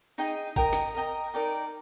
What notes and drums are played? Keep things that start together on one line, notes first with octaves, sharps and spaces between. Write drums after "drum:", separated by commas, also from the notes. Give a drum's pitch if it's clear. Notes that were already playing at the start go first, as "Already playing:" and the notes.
D#4 G#4 D#5 G5
A#4 D#5 G5 A#5, drum: kick G#1
drum: snare
A#4 D#5 G5 A#5
D#4 A#4 D5 G5